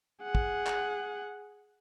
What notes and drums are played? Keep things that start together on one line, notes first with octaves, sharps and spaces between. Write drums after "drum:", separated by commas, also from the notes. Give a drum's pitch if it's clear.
G#4 F#5
drum: kick
drum: clap